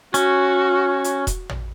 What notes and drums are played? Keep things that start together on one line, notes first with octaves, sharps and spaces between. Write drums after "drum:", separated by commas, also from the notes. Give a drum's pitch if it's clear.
C#4 F#4, drum: hi-hat
drum: hi-hat
drum: kick E1, hi-hat
drum: tom